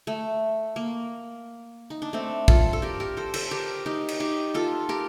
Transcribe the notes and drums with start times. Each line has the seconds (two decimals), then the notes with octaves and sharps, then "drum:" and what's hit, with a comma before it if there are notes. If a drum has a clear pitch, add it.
0.07 A3
0.76 A#3
1.90 D#4
2.02 D4
2.13 A3 C4
2.48 F4 A4, drum: kick
2.73 A4
2.82 G4 A#4
3.00 G4 A#4
3.17 A4 C5
3.34 A4 C5, drum: cymbal
3.51 G4 A#4
3.86 D#4 G4
4.09 drum: cymbal
4.20 D#4 G4
4.54 F4 A4
4.89 G4 A#4